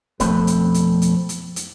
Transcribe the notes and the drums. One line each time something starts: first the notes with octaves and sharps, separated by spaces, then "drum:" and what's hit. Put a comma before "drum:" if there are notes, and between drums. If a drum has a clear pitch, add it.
B1 F2 A3 C4 B4, drum: kick, hi-hat
drum: hi-hat
drum: hi-hat
drum: hi-hat
drum: hi-hat
drum: hi-hat